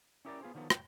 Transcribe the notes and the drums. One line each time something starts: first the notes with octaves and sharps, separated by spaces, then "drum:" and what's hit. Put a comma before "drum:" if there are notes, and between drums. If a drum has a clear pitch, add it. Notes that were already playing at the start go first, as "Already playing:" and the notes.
C#4 E4 G4 A#4 C#5 D5
B3 F4 G#4 C5
D3 D#3 F3 F#3 B3
F#3 G5, drum: rim click